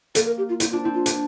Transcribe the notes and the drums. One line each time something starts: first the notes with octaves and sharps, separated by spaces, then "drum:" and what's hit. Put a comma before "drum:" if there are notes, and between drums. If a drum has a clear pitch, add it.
A#3 A4, drum: hi-hat
A#4
G4
F4
C4 E4, drum: hi-hat
D4 F4
C4 E4
F4
D4, drum: hi-hat